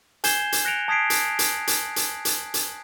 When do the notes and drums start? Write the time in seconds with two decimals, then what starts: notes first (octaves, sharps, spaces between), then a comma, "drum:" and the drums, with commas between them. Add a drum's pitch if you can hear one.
0.24 G#5 G6 G#6 C7 E7 G7, drum: hi-hat
0.52 drum: hi-hat
0.65 F#6 A#6 C#7 D7 F7
0.88 A5 D#6 G#6 B6 C7 D7
1.10 drum: hi-hat
1.39 drum: hi-hat
1.67 drum: hi-hat
1.96 drum: hi-hat
2.25 drum: hi-hat
2.54 drum: hi-hat